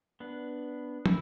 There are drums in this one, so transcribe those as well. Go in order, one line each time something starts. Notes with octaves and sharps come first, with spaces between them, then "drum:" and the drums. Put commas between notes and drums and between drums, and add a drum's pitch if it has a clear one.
B3 D4
E4, drum: tom